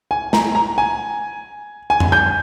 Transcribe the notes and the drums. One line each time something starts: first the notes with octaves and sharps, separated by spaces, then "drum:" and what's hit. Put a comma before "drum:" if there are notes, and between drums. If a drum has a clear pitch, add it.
G#5
A#5, drum: snare
A#5
G#5
G#5
drum: tom F2
G6